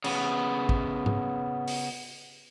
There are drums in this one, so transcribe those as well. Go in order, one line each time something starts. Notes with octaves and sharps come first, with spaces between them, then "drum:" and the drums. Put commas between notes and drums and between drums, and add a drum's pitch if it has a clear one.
C#3 B3, drum: cymbal
drum: kick
drum: tom G#2
drum: open hi-hat